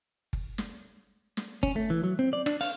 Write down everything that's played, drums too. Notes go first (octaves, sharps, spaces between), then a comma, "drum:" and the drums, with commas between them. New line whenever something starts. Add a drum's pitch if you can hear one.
drum: kick
drum: snare
drum: snare
C#4, drum: kick
A3
E3
F#3
C4
D5
D4, drum: rim click
F5, drum: open hi-hat